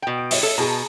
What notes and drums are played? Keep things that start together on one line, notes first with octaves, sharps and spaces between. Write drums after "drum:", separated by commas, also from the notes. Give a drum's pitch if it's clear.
B2 G5
D7
C#5 D#5 E5, drum: open hi-hat
A4
B2 G#4 A5 A#5